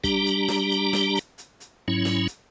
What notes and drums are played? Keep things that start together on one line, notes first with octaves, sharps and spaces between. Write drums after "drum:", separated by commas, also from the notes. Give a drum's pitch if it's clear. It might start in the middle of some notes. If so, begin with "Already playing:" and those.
G3 D4 G4 A#5, drum: kick, hi-hat
drum: hi-hat
drum: snare
drum: hi-hat
drum: snare
drum: hi-hat
drum: hi-hat
drum: hi-hat
G#2 F#3 C#4 E4
drum: snare
drum: hi-hat